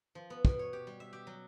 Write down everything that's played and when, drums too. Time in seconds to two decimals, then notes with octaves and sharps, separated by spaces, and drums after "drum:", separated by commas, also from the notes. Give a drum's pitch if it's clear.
0.15 F3
0.30 B3
0.45 B2, drum: kick
0.59 C#5
0.73 G4
0.87 G3
1.00 E5
1.13 G4
1.27 F#3